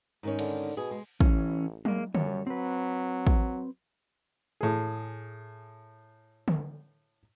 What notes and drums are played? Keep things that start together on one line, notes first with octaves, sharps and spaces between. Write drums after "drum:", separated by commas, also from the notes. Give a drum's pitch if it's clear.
G#2 D#3 C#4
D3, drum: cymbal
B2 G#4
G#3
A1 E3 C#4, drum: kick
G#3 A#3, drum: tom F#3
F#2 G3 C#5, drum: tom D3
F#3 C4 B4
drum: kick
A2 G#4
drum: tom D3